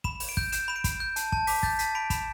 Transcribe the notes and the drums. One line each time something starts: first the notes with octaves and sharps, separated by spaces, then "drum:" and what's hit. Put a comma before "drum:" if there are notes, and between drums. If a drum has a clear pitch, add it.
B5 E7, drum: kick
B5, drum: open hi-hat
D7
G6, drum: kick
G6 E7, drum: hi-hat
B5 E7
D7
B5, drum: kick, hi-hat
G6
A5, drum: hi-hat
A5, drum: kick
D6 B6, drum: open hi-hat
G6 A6, drum: kick
A5 B6, drum: hi-hat
B5 D7
B5 E7, drum: kick, hi-hat